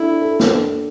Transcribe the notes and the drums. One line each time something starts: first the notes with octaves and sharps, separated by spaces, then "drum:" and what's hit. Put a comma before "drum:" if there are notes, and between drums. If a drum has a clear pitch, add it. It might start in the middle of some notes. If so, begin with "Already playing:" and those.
Already playing: D4 E4 A4
A4
drum: snare
D4